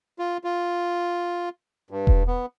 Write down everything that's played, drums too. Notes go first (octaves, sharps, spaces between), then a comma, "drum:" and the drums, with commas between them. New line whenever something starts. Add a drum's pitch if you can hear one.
F4
F4
G2
drum: kick E1
B3